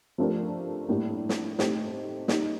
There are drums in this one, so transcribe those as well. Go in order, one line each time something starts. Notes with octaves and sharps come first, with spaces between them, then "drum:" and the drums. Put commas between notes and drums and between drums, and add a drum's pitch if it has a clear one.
F3 A3 D4 G4 A#4
A2 G3 A#3 D4
drum: snare
A3 C4 D#4 G4, drum: snare
G3 A#3 D#4, drum: snare